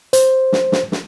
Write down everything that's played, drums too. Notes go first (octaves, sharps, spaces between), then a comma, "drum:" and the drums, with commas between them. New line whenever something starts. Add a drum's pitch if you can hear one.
C5, drum: hi-hat
drum: snare
drum: snare
drum: snare